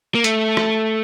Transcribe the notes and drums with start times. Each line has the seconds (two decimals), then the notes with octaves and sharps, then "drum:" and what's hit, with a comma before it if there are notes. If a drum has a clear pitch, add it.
0.15 A#3
0.24 A3, drum: hi-hat
0.57 drum: rim click